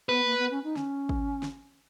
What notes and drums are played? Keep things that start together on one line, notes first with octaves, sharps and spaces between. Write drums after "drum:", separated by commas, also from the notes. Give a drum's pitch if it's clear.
B3 B4
A#3
B3
C#4
D#4
C#4, drum: snare
drum: kick G#1
drum: snare